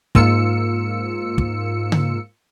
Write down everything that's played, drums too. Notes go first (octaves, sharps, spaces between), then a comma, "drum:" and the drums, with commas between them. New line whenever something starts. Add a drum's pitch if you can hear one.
G#2 A#3 F4 E6 C#7, drum: kick
drum: kick
drum: tom C#3